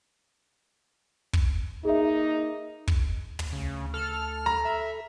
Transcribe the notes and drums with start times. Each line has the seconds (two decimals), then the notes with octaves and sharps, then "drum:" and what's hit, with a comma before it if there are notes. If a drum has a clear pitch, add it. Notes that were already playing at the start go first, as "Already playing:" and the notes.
1.33 drum: kick
1.85 A#3 D#4 G#4 E5
2.88 drum: kick
3.39 drum: tom
3.53 D2 C#3
3.94 A4 F6
4.46 A#5
4.65 E5